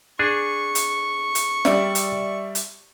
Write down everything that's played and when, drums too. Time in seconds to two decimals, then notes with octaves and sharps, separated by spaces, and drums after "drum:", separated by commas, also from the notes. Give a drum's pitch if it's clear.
0.19 D4 G#4 C#6
0.75 drum: hi-hat
1.35 drum: hi-hat
1.65 G3 D5 E5, drum: snare
1.95 drum: hi-hat
2.55 drum: hi-hat